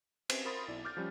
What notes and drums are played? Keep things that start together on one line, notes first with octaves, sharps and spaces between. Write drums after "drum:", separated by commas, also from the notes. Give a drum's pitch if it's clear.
C4 C#4 B4 C5, drum: cymbal
A#4 C5 B5 C6 D#6 A6
B1 E4 D5
D6 F6 G6 A6
F3 G3 C#4